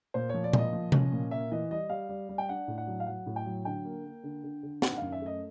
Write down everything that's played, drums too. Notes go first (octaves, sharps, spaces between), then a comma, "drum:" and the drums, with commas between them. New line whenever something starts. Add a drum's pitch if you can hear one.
A#2 C5
F3 C#5
D5
A#2 D#5, drum: tom A#2
F3
C#4, drum: tom C3
A#2
A#3 E5
E3 D#5
G3 D#5
G3 F5
G3
G3
G5
D4 F#5
A2
F#5
F#3
F5
F#3 F#5
A2
G5
F#3
D3 G5
A#3
A#3
D3
D3
D3
D#3 F#5, drum: snare
F#2 F5
E5
A3 D#5